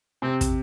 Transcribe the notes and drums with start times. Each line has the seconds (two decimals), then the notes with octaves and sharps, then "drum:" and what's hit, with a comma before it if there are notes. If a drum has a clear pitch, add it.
0.22 C3 C4
0.41 drum: kick, hi-hat